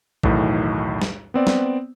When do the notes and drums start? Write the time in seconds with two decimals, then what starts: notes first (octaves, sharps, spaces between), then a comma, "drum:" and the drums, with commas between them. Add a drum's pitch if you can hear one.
0.23 B1 E2 A2 D#3, drum: kick A#1
1.02 drum: snare
1.34 B3 C4 D5
1.47 drum: snare